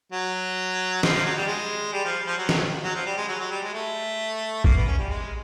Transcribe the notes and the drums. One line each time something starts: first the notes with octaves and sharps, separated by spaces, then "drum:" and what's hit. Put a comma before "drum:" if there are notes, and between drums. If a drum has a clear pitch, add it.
F#3
F3, drum: snare
F3
F#3
G3
G#3
G3
F3
F3
F#3
drum: snare
F#3
F3
G3
G#3
F#3
F#3
G3
G#3
A3
A#3, drum: kick A1
B3
C#4
G3
G#3